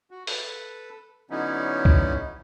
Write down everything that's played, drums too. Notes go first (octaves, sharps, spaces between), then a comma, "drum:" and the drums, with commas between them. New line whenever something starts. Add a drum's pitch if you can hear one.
F#4
A4 B4, drum: open hi-hat
D3 F#3 B3 C#4 D#4 E4
drum: kick B1